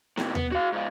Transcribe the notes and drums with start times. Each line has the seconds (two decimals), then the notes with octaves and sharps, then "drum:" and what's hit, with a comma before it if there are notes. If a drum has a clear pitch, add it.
0.17 A2 C3, drum: snare B3
0.35 B3, drum: tom D#2
0.52 F#4 F5
0.73 G#2 F4